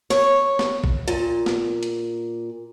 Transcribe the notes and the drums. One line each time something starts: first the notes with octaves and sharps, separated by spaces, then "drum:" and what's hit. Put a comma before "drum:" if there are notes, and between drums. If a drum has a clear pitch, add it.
C#5, drum: snare
drum: snare
drum: kick A1
A#2
drum: snare
drum: hi-hat